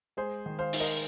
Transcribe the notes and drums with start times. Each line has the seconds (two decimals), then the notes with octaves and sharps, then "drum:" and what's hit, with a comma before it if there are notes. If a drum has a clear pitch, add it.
0.17 G#3 G#4 C5
0.46 D#3
0.59 C5 F5
0.73 D#4, drum: open hi-hat
0.80 A#4 D#5